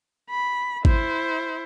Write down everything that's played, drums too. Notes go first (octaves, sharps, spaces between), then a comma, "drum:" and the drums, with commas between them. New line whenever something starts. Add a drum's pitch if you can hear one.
B5
E4 C5, drum: kick